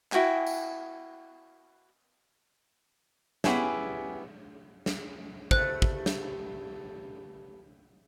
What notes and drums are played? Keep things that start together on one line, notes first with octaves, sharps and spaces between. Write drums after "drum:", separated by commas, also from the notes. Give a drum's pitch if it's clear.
E4 F#4 G5 G#5, drum: clap
drum: tambourine
B3 C#4 E4 G4 G#4 E5, drum: snare
drum: snare
G2 A3 C5 F#6, drum: kick
drum: kick
drum: snare